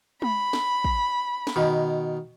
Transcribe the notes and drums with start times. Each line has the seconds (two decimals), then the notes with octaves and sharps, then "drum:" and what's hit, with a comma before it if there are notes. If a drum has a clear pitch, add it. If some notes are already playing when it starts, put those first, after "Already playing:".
0.22 B5, drum: tom G#3
0.53 drum: snare
0.84 drum: kick
1.47 drum: snare
1.56 B2 D#3